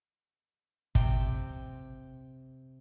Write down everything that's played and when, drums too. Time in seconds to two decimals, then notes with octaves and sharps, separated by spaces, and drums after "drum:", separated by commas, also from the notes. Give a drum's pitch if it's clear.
0.95 C3 G5, drum: kick